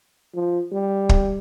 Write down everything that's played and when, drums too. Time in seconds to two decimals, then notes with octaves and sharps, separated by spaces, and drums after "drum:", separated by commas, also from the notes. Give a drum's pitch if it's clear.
0.35 F3
0.73 G3
1.09 drum: kick